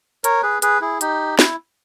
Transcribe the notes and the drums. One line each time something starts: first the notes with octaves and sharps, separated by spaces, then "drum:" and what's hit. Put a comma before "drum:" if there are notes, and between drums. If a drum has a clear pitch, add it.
A#4 C#5, drum: hi-hat
G#4 B4
G#4 B4, drum: hi-hat
E4 G#4
D#4 G4, drum: hi-hat
E4, drum: snare